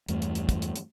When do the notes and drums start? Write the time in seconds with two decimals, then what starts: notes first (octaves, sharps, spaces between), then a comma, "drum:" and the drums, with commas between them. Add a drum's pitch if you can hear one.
0.09 E2 G2 A3, drum: hi-hat
0.22 drum: hi-hat
0.35 drum: hi-hat
0.49 drum: kick, hi-hat
0.62 drum: hi-hat
0.76 drum: hi-hat